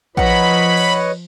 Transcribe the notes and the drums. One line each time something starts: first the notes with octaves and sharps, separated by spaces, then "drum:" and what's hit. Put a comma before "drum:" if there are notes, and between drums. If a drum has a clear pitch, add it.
F3 B4 C#5 D#5 F#5 A#5 B5, drum: kick A1
drum: cymbal